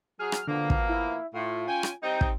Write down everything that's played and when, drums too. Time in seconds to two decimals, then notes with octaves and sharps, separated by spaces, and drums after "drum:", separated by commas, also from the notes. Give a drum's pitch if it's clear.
0.19 F#3 G#4 F6
0.32 drum: rim click
0.48 B2 D3 F3 A#3
0.70 drum: kick
0.89 E4
1.34 A2 F4
1.68 C#4 G5 G#5
1.83 drum: rim click
2.03 G3 C4 D#4 G6
2.21 drum: kick